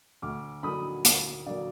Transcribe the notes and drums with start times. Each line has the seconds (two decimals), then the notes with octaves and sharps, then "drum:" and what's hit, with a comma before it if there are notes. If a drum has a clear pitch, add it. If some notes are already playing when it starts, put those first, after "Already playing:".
0.22 D2 D6 F6
0.63 D3 F#3 A#3 B5 D#6
1.05 D2, drum: hi-hat
1.46 D3 F#3 A#3 D5 F5